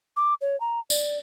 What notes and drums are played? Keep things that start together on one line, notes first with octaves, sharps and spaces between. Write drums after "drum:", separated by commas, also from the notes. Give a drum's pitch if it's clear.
D6
C#5
A#5
D5, drum: tambourine